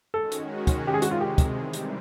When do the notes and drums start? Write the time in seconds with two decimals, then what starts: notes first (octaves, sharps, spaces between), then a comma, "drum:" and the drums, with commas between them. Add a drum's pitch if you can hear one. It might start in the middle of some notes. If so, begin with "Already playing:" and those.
0.14 D#3 G#3 C#4 F#4 A4
0.32 drum: hi-hat
0.67 drum: kick, hi-hat
0.85 C3 D#3 G#3 G4
0.94 G#4
1.02 F#4, drum: hi-hat
1.11 F4
1.21 G4
1.38 drum: kick, hi-hat
1.56 C3 E3 G3 C4
1.73 drum: hi-hat